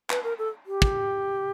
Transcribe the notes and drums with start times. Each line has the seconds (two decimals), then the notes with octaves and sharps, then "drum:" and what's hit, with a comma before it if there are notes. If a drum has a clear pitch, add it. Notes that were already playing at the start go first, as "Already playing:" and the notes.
0.10 B4, drum: clap
0.24 A#4
0.39 A4
0.66 G4
0.82 drum: kick